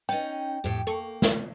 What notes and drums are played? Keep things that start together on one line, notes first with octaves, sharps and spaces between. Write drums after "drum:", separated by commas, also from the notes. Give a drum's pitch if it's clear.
B3 C#4 D#4 G5 A6
F2 A2 G4
A#3 A4 C#6
drum: snare